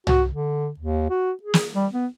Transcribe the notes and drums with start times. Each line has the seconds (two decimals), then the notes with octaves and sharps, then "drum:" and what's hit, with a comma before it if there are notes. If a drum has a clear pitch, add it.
0.07 F#4, drum: tom
0.31 D3
0.80 D#2
1.10 F#4
1.43 G#4
1.54 drum: snare
1.74 G3
1.93 B3